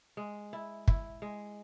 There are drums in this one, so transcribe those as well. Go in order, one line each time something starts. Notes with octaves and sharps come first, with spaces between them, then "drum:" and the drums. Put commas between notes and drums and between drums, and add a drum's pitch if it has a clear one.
G#3
E4
E4, drum: kick
G#3